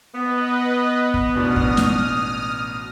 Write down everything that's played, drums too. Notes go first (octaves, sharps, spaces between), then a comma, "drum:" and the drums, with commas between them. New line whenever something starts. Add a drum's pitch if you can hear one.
B3 B4 D#5
drum: kick
A1 B2 D4 D#6 F6
drum: kick
drum: snare